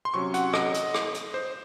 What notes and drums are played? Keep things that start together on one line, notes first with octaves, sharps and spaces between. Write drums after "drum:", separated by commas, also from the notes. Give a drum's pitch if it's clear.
C6
C3 F#3 C#4 C#6
F#5, drum: hi-hat
D#5, drum: rim click
drum: hi-hat
drum: rim click
drum: hi-hat
C5